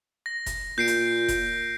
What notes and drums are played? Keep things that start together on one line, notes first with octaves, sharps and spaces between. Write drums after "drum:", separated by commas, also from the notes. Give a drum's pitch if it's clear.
A#6
drum: kick F#1, hi-hat
A#2 G6 C7 D7
drum: hi-hat
drum: kick F#1, hi-hat